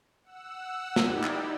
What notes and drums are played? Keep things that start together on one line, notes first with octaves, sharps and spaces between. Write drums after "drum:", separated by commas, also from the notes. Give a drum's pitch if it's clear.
F#5 E6
D#4 E4 G4 D5, drum: snare
drum: clap